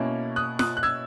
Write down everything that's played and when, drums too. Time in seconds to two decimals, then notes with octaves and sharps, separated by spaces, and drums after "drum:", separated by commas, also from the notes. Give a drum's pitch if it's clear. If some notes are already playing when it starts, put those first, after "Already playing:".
Already playing: B2 A#3 C#4 E4
0.36 D#6 F#6
0.59 D#6 F#6, drum: snare
0.77 F#6
0.83 E6 G#6